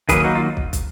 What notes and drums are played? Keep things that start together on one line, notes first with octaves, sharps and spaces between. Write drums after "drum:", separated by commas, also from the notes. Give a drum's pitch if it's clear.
D#3 F#3 A#3 G#4 B4, drum: kick, hi-hat
D#4 F#4
F4
drum: kick
drum: kick, hi-hat